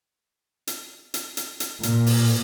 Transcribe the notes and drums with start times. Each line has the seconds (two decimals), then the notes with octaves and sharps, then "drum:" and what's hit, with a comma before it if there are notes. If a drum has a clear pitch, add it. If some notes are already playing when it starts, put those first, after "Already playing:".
0.67 drum: hi-hat
1.14 drum: hi-hat
1.37 drum: hi-hat
1.60 drum: hi-hat
1.83 A#2, drum: hi-hat
2.06 drum: open hi-hat